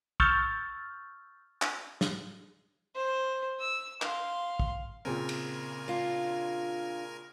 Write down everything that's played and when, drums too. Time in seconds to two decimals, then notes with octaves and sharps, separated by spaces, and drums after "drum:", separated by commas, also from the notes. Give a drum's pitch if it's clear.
0.20 C#6 E6 F6 G6 A6, drum: kick
1.62 drum: clap
2.01 drum: snare
2.96 C5
3.60 E6
4.02 F5 C6, drum: clap
4.60 drum: kick
5.05 A#2 C#3 C4 A#4 G#5
5.29 drum: cymbal
5.88 D4 F4